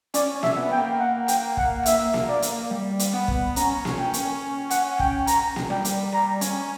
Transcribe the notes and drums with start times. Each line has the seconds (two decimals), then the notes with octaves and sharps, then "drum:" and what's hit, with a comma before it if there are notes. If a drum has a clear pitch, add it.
0.14 C#4 D5, drum: hi-hat
0.36 C#4
0.43 E5, drum: snare A#3
0.57 B3
0.72 G5
0.78 A#3
0.99 F#5
1.28 G5, drum: hi-hat
1.57 F#5, drum: kick
1.86 E5, drum: hi-hat
2.14 drum: snare A#3
2.28 D5
2.42 drum: hi-hat
2.71 G3
2.99 drum: hi-hat
3.13 B3 F#5
3.28 drum: kick
3.56 C#4 A#5, drum: hi-hat
3.85 drum: snare A#3
3.99 G5
4.14 drum: hi-hat
4.70 F#5, drum: hi-hat
4.99 G5, drum: kick
5.27 A#5, drum: hi-hat
5.56 drum: snare A#3
5.70 G3 G5
5.85 drum: hi-hat
6.13 G3 A#5
6.41 C#4, drum: hi-hat